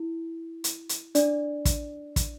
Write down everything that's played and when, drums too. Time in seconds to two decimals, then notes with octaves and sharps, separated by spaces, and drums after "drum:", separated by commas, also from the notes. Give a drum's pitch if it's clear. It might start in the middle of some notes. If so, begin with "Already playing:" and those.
Already playing: E4
0.64 drum: hi-hat
0.89 drum: hi-hat
1.15 D4 D5, drum: hi-hat
1.65 drum: kick, hi-hat
2.16 drum: kick, hi-hat